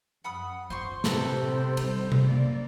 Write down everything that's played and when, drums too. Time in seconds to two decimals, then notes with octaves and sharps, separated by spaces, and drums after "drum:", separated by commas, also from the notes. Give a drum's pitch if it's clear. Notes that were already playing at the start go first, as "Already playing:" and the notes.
0.24 F#2 F#5 B5 D#6
0.70 F4 C5 C6 C#6
1.04 A2 C3 A4 B4 C5, drum: snare
1.77 G3 D#4, drum: cymbal
2.12 drum: tom C3
2.24 F#2 A#3 D5